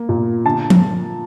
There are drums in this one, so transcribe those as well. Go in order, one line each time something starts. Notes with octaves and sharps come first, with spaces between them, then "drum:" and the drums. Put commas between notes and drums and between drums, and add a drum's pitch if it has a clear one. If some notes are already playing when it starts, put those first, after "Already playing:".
Already playing: A#3
A#2
D3 A5
drum: tom F3